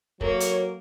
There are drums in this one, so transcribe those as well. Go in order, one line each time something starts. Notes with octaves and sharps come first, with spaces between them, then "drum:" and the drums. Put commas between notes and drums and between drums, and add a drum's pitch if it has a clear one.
F#3 A#3 A4 A#4 C#5, drum: kick
drum: hi-hat